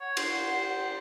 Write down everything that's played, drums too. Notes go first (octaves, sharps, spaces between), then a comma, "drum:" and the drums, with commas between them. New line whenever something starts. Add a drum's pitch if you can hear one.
C#5 F#5
C5, drum: cymbal